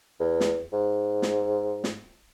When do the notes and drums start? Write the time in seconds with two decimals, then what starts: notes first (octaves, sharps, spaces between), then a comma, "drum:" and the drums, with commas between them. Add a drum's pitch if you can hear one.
0.20 E2
0.40 drum: snare
0.73 G#2
1.22 drum: snare
1.84 drum: snare